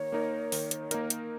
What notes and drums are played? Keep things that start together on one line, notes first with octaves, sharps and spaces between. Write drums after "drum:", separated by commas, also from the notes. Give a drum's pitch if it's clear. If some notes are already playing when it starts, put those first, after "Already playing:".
Already playing: D#3 A#3 A#4 C#5
A#3 D#4 A#4
D#3, drum: open hi-hat
drum: hi-hat
A#3 D#4 A#4, drum: hi-hat
drum: hi-hat